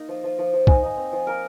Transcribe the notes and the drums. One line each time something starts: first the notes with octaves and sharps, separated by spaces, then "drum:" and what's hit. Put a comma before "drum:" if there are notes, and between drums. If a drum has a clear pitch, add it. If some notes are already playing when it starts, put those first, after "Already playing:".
Already playing: A#3 D#4
F3
F3
F3
F3
D#4 G#5, drum: kick B1
D#4
C4
F3
A#3 A#4